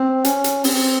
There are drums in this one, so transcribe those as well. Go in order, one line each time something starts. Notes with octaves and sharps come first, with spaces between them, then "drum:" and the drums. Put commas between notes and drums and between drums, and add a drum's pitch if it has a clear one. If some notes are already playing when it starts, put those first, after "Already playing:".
Already playing: C4
C#4, drum: hi-hat
drum: hi-hat
C4, drum: open hi-hat